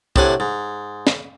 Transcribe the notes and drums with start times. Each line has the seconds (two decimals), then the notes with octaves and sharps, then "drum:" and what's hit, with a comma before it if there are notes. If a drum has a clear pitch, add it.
0.16 A2 C3 D4 F#5 G#5, drum: kick
0.40 G#2
1.07 drum: snare